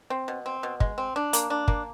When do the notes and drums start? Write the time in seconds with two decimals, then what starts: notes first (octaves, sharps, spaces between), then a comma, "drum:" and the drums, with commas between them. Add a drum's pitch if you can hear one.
0.10 C4
0.28 B2
0.46 C4
0.63 B2
0.80 G#3, drum: kick
0.98 C4
1.16 D4
1.33 A#3, drum: hi-hat
1.50 D4
1.68 A#3, drum: kick